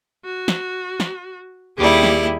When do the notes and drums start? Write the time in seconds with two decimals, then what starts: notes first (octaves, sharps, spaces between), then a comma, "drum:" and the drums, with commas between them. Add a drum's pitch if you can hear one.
0.25 F#4
0.48 drum: snare
1.00 drum: snare
1.77 D#2 G3 E4 G4 G#4
2.03 drum: snare